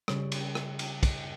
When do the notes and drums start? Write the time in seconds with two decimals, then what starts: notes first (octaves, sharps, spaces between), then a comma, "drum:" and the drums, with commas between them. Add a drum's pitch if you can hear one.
0.08 C#3 G3 C#5, drum: rim click
0.32 drum: cymbal
0.55 drum: rim click
0.79 drum: cymbal
1.03 drum: kick, cymbal